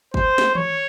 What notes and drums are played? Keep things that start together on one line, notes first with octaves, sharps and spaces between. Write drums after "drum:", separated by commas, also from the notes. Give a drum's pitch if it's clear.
C5, drum: kick
drum: snare
C#5, drum: tom D#3